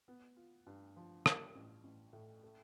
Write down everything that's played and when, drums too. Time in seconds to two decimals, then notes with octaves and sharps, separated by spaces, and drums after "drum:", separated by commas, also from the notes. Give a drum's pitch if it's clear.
0.08 B3
0.36 F4
0.66 G2
0.96 F3
1.26 G3, drum: rim click
1.55 A1
1.84 A1
2.13 A2
2.43 A3